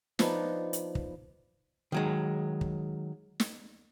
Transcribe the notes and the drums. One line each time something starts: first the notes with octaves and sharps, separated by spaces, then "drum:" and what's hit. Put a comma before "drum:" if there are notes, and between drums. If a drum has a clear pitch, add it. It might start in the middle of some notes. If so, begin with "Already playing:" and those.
F3 B3 D4 D#4, drum: snare
drum: hi-hat
drum: kick
D#3 F#3 G#3
drum: kick
drum: snare